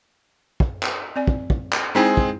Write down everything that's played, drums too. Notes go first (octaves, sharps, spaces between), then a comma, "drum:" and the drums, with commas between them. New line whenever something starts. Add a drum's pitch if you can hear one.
drum: kick
drum: clap
C4 D5 G#5
drum: kick
drum: kick
drum: clap
G#3 C4 D#4 E4 G#4 G5
drum: kick